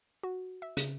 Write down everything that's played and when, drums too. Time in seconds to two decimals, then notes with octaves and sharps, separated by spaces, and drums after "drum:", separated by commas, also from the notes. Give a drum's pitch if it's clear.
0.23 F#4
0.62 E5
0.77 C#3, drum: hi-hat